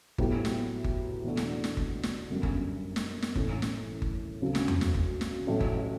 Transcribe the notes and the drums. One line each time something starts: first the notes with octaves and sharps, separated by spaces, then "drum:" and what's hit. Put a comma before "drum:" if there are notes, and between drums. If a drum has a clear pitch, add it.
A2 F#3 B3 E4 G4, drum: kick G1
drum: snare
drum: kick G1
E2 B2 A3 D4 F#4
drum: snare
drum: snare
drum: kick G1
drum: snare
G1 F#2 D3 G3
drum: kick G1
drum: snare
drum: snare
A1 A2 E3 A3 C#4, drum: kick G1
drum: snare
drum: kick G1
D2 C#3 F#3
drum: snare
drum: tom E2
drum: snare
drum: kick G1
drum: snare
A1 A2 F#3
drum: kick G1